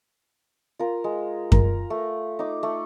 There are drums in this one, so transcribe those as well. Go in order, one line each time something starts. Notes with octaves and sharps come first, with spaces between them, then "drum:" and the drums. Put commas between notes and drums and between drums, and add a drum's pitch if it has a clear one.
F4 A#4
G#3
A#4, drum: kick F#2
A3
D#4 D6
A3